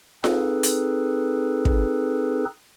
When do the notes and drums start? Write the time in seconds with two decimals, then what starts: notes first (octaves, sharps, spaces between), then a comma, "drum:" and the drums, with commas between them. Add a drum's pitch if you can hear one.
0.24 C4 D#4 G#4 A4 B4, drum: snare F4
0.63 drum: hi-hat
1.65 drum: kick